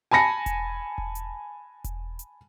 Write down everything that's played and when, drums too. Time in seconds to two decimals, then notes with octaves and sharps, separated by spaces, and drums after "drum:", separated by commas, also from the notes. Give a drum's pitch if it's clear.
0.11 G#5 A5 B5 A#6 C#7
0.46 drum: kick E1, hi-hat
0.98 drum: kick E1
1.15 drum: hi-hat
1.84 drum: kick E1, hi-hat
2.19 drum: hi-hat